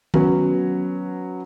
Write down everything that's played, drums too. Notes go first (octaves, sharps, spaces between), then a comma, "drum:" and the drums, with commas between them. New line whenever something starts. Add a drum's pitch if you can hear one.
F#3 B3 C#4, drum: tom